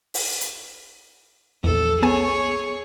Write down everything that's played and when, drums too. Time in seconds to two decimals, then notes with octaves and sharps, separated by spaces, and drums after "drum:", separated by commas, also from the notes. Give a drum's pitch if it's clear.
0.14 drum: open hi-hat
0.41 drum: hi-hat
1.64 A#1 E2 A4
2.02 B3 G#4 C#5 G#5